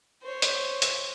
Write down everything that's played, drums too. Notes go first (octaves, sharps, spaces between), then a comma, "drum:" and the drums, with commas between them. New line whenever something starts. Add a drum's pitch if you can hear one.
C5 C#5
drum: hi-hat
drum: hi-hat